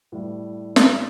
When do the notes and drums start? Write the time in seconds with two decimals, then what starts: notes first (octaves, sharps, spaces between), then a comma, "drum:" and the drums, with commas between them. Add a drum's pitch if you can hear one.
0.12 A2 G3
0.76 drum: snare